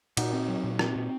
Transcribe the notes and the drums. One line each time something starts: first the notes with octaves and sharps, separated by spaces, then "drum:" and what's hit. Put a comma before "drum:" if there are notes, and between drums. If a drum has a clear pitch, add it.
A#2 D#4 F#4, drum: cymbal
C4
F#3
A#2
C4, drum: rim click
A#2